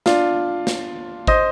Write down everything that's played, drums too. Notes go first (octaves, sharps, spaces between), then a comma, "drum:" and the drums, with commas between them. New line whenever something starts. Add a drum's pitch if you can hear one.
D4 F4, drum: snare
drum: snare
C5 D#5, drum: kick G#1